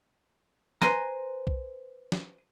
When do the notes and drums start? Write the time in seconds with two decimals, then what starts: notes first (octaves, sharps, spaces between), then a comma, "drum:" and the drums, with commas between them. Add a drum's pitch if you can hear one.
0.82 B4 C5 G#5 A#5, drum: snare
1.47 drum: kick B1
2.12 drum: snare